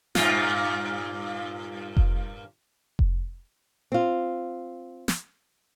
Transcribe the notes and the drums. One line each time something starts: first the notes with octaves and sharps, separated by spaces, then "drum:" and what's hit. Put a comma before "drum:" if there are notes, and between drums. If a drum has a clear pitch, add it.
G2 A#2 F4, drum: snare
drum: kick F1
drum: kick F1
C4 F4
drum: snare